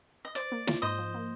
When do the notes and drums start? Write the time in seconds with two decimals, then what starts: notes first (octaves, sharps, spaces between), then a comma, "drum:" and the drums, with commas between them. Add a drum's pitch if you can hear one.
0.25 D#5
0.35 C5 D5, drum: hi-hat
0.52 A#3
0.67 F4, drum: snare
0.82 G#2 C5 D#5
0.98 F3
1.14 A#3